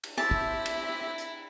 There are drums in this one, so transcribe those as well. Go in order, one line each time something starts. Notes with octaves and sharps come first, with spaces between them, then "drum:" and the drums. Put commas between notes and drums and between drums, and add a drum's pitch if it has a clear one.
drum: cymbal
C4 E4 G4 E5 A5
drum: kick
drum: cymbal
drum: hi-hat